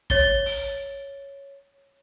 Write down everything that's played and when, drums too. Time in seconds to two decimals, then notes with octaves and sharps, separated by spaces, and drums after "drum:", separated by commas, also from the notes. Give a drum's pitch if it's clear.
0.10 C#5 A6 G7, drum: kick
0.46 drum: open hi-hat